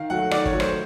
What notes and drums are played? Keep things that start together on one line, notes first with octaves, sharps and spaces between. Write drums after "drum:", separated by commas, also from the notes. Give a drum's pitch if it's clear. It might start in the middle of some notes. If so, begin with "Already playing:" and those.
Already playing: D#3 F5
F#3 A3 F#5
D#3 D5, drum: rim click
C#5, drum: kick
F#3 A3
C5, drum: rim click